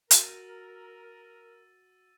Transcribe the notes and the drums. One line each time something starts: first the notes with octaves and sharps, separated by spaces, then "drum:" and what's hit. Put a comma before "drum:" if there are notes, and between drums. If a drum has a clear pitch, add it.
F#4 A#4 E6 A6 D#7, drum: hi-hat